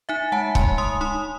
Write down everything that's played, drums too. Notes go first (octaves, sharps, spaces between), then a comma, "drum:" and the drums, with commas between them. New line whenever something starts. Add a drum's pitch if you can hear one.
D#4 E5 G#5
G#3 F#5 A5
G#3 G#5 C6, drum: kick
G#3 C6 D#6
D#4 C6 D#6